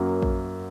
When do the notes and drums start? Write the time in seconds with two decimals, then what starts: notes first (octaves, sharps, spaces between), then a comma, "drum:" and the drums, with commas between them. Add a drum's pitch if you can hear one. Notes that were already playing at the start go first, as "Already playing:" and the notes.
Already playing: F#2 F#3 A#3
0.22 drum: kick A#1